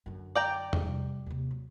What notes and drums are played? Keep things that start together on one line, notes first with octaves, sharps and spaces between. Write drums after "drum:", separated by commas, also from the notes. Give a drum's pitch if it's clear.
F#2 D3
D5 G5 A#5
drum: tom E2
C3 G3
D#2 C3
F#3